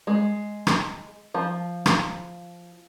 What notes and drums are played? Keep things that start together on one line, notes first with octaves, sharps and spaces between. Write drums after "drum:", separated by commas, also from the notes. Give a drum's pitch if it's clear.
G#3
drum: rim click
F3
drum: rim click